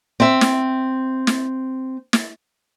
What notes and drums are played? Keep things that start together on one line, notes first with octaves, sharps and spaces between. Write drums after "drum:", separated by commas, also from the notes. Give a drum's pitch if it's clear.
C4 E5
drum: snare
drum: snare
drum: snare